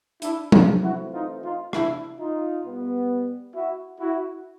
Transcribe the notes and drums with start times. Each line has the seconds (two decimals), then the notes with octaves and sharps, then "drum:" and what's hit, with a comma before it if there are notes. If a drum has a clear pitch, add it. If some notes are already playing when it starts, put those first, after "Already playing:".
0.22 D4 E4, drum: hi-hat
0.52 D#4 F4, drum: tom F#3
0.83 E3 A3 C4 E4 F#4
1.12 D#4 F4
1.43 D#4 F4
1.73 D4 E4, drum: rim click
2.19 D#4 F4
2.63 B2 G3 B3
3.54 E4 F#4
4.00 E4 F#4